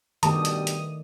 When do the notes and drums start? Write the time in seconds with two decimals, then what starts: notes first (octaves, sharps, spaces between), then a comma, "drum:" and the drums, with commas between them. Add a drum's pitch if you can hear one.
0.23 G2 B2 D#3 G3 A3 D5 A5 D#6, drum: hi-hat
0.45 drum: hi-hat
0.67 drum: hi-hat